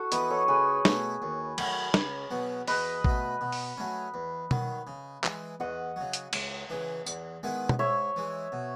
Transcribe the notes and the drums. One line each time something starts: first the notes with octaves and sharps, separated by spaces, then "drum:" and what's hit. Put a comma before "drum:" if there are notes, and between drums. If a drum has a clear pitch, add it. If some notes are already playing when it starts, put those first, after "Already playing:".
Already playing: F#4 A4
E3 B3 E4 B4 D#5, drum: hi-hat
A4 C#5
C#2 G#4 B4
B2 A3 E4, drum: snare
D#2
D#3 F#3 A3, drum: cymbal
C#2, drum: snare
B2 F#3 B3
E2 B4 D#5, drum: open hi-hat
B2 A3, drum: kick A1
B2
drum: open hi-hat
F#3 A3 C#4
E2
D#3 F#3, drum: tom B2
C#3
E3 G#3, drum: clap
E2 D#5 F#5
C#3 F#3
drum: hi-hat
C#2, drum: cymbal
C#3 E3
E2, drum: tambourine
D#3 G#3 B3 E4
drum: tom
G#2 C#5 E5
E3 G#3
B2